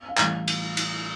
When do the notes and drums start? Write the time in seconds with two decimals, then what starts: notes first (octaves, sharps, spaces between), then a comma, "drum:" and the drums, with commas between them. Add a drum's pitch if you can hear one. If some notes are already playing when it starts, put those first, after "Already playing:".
0.08 F5
0.18 A1 A2 E3 G3, drum: clap
0.48 drum: cymbal
0.77 drum: cymbal